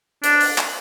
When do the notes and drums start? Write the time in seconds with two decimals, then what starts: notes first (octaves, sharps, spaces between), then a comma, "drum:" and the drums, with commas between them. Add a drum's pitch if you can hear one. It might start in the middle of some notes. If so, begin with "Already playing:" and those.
0.24 D4, drum: hi-hat
0.41 drum: open hi-hat
0.58 drum: clap